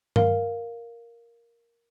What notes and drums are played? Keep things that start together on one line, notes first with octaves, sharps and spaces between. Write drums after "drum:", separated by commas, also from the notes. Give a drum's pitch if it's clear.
A#4 F5, drum: tom G2